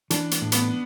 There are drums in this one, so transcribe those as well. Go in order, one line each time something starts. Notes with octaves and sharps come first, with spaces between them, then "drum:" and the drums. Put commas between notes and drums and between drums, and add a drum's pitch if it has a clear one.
E3 D4, drum: hi-hat
drum: hi-hat
A2
B3, drum: hi-hat